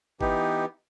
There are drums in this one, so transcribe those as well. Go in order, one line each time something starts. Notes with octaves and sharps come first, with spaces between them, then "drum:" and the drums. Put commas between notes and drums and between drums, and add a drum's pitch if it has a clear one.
E3 B3 D#4 G4, drum: kick G1